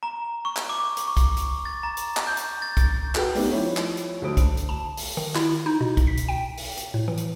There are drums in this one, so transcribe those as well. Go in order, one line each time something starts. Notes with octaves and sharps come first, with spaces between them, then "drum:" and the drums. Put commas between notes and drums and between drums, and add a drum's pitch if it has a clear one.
A#5
C#6
drum: clap
D6
drum: hi-hat
C#6
drum: kick, hi-hat
drum: hi-hat
A6
A#5
drum: hi-hat
drum: clap
G6
drum: hi-hat
A6
drum: kick, hi-hat
F#4 A4 B4 G5, drum: clap
G3 A3 B3 C4 D4 D#4, drum: open hi-hat
F3 E4 C#5
drum: clap
drum: hi-hat
D2 D3 F#3 C5 D#6 D7
drum: kick, hi-hat
drum: hi-hat
A5
drum: open hi-hat
D#3
E4, drum: clap
D#4
B2
drum: kick, hi-hat
B6
drum: hi-hat
G5
drum: open hi-hat
drum: hi-hat
A2
E3
drum: hi-hat